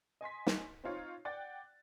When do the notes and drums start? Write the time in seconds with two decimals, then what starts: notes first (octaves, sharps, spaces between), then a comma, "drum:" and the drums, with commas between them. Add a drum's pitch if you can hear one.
0.21 D#5 G#5 C6 B6
0.47 drum: snare
0.84 C4 D#4 F4 C#5
1.25 D5 F#5 G5 F#6 A6